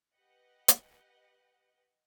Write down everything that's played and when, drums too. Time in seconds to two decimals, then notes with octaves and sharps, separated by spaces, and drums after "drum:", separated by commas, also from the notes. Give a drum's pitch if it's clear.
0.14 G4 B4 D#5 F#5
0.68 drum: hi-hat